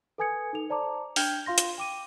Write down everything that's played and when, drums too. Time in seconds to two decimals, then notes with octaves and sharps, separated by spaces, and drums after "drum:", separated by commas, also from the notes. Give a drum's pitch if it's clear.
0.18 A4 B4 G#5 D#6 G#6 C#7
0.53 D#4 A4 F7
0.69 C5 D5 A5 A#5 D6
1.16 D4 G5 F6 G6 G#6 G7, drum: open hi-hat
1.46 F4 F5 C6 A#6
1.58 drum: hi-hat
1.78 G5 D6 D#7